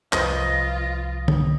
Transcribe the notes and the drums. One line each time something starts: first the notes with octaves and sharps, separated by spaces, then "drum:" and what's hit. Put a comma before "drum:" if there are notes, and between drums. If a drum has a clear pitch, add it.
C2 F3 F4 B4 C5 D#5, drum: clap
drum: tom D3